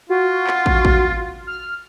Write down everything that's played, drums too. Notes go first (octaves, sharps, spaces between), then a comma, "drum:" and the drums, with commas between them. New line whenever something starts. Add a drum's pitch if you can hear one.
F4 F#4
drum: clap
drum: kick
drum: kick
F6